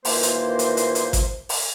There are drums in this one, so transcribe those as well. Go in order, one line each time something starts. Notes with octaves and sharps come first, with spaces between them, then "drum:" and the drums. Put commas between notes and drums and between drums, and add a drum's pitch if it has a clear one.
D#2 A#2 E3 A#3 C5, drum: open hi-hat
drum: hi-hat
drum: hi-hat
drum: hi-hat
drum: hi-hat
drum: kick G#1, hi-hat
drum: open hi-hat